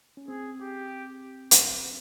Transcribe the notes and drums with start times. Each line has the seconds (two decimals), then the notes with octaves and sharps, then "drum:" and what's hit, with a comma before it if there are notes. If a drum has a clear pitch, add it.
0.17 C#4
0.28 C4 G#4
0.61 G4
1.51 drum: hi-hat